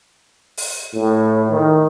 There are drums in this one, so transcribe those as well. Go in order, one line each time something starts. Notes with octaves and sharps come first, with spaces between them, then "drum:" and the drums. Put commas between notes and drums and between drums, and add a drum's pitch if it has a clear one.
drum: open hi-hat
A2
D#3